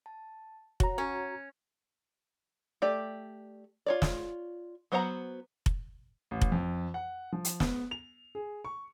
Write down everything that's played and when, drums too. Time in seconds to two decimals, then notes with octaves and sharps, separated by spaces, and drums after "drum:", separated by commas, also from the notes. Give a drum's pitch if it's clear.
0.06 A5
0.80 F#4 C#5 F#5 A#5, drum: kick F1
0.98 C#4
2.82 A3 G4 D5
3.86 F4 C#5 D5
4.02 drum: snare
4.92 F#3 B3 C5 F#5 A#5
5.66 drum: kick F1
6.31 A1
6.41 drum: kick F1
6.52 F2
6.94 F#5
7.32 F3
7.45 drum: hi-hat
7.60 B3, drum: snare
7.91 F7
8.35 G#4
8.65 C#6